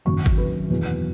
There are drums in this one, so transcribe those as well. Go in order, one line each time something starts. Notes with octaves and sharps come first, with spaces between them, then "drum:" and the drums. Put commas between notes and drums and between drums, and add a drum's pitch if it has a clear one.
G#1 F#2 F#3 C#6
drum: kick
B4
E2 B2 F#3